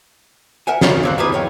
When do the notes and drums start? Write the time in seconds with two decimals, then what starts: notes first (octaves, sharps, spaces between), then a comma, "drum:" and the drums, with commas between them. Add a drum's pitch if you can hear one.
0.67 A#4 E5 F#5 G#5
0.81 G#2 D#3 A#3 F4 C#5 B5, drum: snare
1.03 A#3 C4 F#4
1.18 A#3 E4 G4 G#4 B4
1.33 D#3 C#5 G5